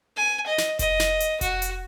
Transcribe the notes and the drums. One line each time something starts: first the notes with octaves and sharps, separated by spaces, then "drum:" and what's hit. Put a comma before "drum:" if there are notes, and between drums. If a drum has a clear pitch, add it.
G#5
D#5
drum: snare
D#5, drum: kick F1, hi-hat
drum: snare
drum: hi-hat
F#4, drum: kick F1, hi-hat
drum: hi-hat